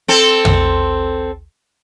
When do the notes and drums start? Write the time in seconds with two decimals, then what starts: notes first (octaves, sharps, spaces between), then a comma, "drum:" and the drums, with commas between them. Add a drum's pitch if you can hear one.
0.08 C4 A4
0.45 drum: tom